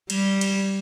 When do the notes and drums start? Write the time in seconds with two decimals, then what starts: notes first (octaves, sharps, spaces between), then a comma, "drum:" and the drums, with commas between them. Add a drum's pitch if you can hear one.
0.10 G3, drum: cymbal
0.41 drum: cymbal